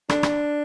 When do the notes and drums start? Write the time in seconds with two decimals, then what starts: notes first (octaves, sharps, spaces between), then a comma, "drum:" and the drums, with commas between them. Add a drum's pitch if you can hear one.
0.09 D4, drum: rim click
0.23 drum: rim click